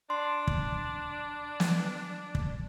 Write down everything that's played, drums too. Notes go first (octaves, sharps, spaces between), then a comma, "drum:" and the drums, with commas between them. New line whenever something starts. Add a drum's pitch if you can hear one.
D4 C6
drum: kick
drum: snare
drum: kick